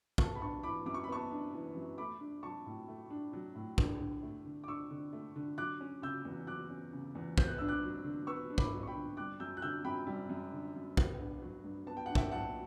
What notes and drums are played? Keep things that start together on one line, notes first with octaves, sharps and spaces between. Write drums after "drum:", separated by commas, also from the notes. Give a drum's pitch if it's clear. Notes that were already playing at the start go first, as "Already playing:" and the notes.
B3 A5 C#6, drum: kick
B5
D4 A5 C#6
E3 B5 D6
F#2 D6
C#6
B5
B3 A5 C#6
D4
E3
F#2
A3 B5 D6
D4
F#3 A5 C#6
A2
A3
D4
F#3
A2
D4, drum: kick
D3
A3
D3
D6
D4 C#6 E6
D3
A3
D3
F#3 D6 F#6
C#4
C#3 E6 G6
E2
F#3 D6 F#6
C#4
C#3
E2
B3 G6, drum: kick
F#6
D4 E6
D6 F#6
F#3
D3
B3 C#6 E6
D4
B5 D6, drum: kick
F#3
C#6
G5 B5
D3
G3 D6 F#6
F#2 E6 G6
F#6
D3 E6 G6
F#2 G5 B5
G3
F#2
D3
F#2
B3, drum: kick
D4
F#3
G2
B3 A5
G5
D4 F#5
E5 G5, drum: kick
F#3 F#5 A5